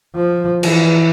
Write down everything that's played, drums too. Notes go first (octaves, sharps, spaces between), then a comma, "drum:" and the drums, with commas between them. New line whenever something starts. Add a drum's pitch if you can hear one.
F3
E3, drum: cymbal